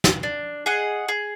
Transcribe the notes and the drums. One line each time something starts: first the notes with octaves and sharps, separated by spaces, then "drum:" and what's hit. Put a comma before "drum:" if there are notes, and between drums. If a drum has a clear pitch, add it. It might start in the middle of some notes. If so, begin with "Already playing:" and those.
drum: snare
D4
G#4 D#5 F#5
G#4